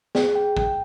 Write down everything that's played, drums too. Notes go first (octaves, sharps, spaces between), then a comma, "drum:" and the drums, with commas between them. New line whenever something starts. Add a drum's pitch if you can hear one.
G#4, drum: snare
G5
G5, drum: kick